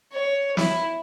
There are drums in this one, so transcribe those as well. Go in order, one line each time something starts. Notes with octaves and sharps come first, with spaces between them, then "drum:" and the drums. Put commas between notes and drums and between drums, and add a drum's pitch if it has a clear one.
C#5
E4, drum: snare